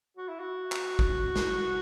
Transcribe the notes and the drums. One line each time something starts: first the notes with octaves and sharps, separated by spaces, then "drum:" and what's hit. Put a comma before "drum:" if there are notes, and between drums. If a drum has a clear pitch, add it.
F#4
E4
F#4
drum: clap
drum: kick
drum: snare